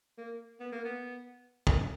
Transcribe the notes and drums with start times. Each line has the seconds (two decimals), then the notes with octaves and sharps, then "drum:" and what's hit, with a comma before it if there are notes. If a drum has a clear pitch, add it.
0.18 A#3
0.60 B3
0.72 A#3
0.85 B3
1.67 drum: kick